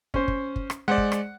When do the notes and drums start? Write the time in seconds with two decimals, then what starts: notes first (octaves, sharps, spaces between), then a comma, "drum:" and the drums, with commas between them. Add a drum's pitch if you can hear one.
0.14 C#4 C5, drum: kick
0.28 drum: kick
0.56 drum: kick
0.70 drum: rim click
0.88 G#3 C5 D5 F#5
0.98 drum: kick
1.12 drum: rim click